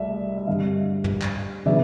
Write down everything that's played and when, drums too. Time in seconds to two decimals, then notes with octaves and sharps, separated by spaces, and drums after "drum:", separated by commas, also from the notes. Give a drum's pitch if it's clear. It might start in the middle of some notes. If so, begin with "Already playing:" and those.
Already playing: C2 A3 D5 E5
0.38 E5
0.47 G2 D3 G3 C4 D#5 F5
1.04 drum: tom
1.22 drum: clap
1.66 C#3 F#3 B3 D4 D5 E5